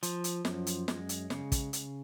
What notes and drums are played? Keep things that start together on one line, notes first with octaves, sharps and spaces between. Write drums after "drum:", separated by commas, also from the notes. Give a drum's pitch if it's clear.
F3, drum: hi-hat
drum: hi-hat
F#2, drum: snare
drum: hi-hat
G#3, drum: snare
drum: hi-hat
C#3, drum: snare
drum: kick, hi-hat
drum: hi-hat